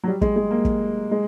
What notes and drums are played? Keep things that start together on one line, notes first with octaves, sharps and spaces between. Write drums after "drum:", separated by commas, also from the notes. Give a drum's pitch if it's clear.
F#3
G3
G#3, drum: kick
G#3
A#3
drum: kick
G#3